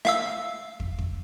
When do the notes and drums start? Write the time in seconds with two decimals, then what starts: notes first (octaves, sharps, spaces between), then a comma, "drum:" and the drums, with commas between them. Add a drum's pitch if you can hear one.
0.05 E5 F5 E6, drum: rim click
0.80 drum: kick
0.99 drum: kick